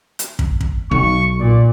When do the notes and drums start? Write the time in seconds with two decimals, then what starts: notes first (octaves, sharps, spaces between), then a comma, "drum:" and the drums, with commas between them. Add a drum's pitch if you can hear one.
0.19 drum: hi-hat
0.39 drum: kick
0.61 drum: kick
0.91 B1 C#6
1.40 A#2 D5